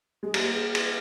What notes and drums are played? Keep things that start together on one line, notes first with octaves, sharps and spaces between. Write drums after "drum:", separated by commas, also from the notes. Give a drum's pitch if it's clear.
G#3 G#4
G3 A#3 G4, drum: cymbal
G#4
G#4, drum: cymbal